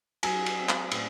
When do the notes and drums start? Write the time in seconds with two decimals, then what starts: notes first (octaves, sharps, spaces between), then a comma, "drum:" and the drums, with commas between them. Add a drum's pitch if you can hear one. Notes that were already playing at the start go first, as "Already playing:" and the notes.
0.23 F#3 G#5, drum: cymbal
0.46 drum: cymbal
0.58 C4
0.69 drum: clap
0.91 A2, drum: cymbal